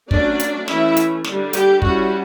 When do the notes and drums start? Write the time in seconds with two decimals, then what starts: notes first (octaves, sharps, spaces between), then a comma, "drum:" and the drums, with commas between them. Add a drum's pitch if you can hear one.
0.11 F#3 A3 C#4 D4 D5, drum: kick
0.40 drum: hi-hat
0.68 E3 A3 C#4 E4 E5, drum: snare
0.97 drum: hi-hat
1.24 D3 G3 D4, drum: snare
1.53 G4, drum: hi-hat
1.82 G3 C#4 E4 F#4, drum: kick